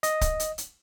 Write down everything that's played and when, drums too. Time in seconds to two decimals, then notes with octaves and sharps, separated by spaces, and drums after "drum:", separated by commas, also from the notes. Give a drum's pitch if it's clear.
0.03 D#5, drum: hi-hat
0.21 drum: kick C#1, hi-hat
0.40 drum: hi-hat
0.58 drum: hi-hat